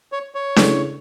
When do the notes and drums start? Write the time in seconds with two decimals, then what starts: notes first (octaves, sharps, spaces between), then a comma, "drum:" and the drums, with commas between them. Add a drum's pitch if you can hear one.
0.12 C#5
0.35 C#5
0.56 C#3 E3 A3 D4, drum: snare D4